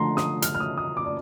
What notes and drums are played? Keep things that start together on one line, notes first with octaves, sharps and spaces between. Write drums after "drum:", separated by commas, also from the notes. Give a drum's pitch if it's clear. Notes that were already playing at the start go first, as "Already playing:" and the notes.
Already playing: D3 F3 A3 A#5 C6
D#6, drum: snare
F6, drum: hi-hat
F6
D#6
D#6
D6
D5